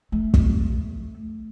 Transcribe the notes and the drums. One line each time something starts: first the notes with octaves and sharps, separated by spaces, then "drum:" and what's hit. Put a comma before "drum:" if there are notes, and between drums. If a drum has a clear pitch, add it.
A3
drum: kick